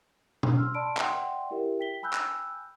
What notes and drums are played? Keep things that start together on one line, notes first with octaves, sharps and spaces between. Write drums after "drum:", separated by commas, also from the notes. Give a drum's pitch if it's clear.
drum: tom B2
C6 E6 F6
D5 A5 B5 C6 D7
D5 E5 F#5 G5 C6, drum: clap
E4 G4 A#4 E5
G5 B6 G7
G5 G#5 B5 E6 F#6 G6
drum: clap